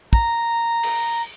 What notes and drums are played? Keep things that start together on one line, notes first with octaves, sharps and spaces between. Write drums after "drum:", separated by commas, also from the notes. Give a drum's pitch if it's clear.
A#5, drum: kick
drum: cymbal